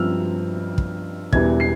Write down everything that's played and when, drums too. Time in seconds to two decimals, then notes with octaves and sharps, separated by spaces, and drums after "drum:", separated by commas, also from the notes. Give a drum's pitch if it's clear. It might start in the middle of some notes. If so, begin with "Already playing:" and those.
Already playing: G2 F3 C4 E6 F6
0.78 drum: kick
1.32 E1 E2 E3 G3 G#6, drum: kick
1.60 C7